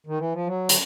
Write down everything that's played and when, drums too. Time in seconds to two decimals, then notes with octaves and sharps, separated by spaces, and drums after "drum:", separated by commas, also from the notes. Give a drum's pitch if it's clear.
0.07 D#3
0.18 E3
0.33 F3
0.47 F#3
0.69 D3, drum: hi-hat